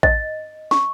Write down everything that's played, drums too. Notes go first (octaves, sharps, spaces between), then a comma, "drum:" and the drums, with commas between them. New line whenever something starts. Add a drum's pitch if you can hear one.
D#5, drum: kick A1
C#6, drum: snare